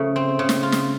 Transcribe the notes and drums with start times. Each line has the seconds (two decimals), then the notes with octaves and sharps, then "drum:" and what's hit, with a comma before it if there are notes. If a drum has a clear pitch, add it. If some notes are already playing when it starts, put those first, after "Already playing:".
Already playing: C#3 F3 A3
0.16 C4
0.39 C#3
0.49 drum: snare
0.63 F4
0.72 drum: snare